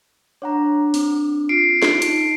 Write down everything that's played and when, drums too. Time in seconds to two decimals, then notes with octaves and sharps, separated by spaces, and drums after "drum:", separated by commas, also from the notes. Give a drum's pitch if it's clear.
0.42 D4 C#5 F#5 A#5
0.94 C4, drum: open hi-hat
1.49 F4 C7 D7
1.82 drum: snare
2.02 D#4, drum: hi-hat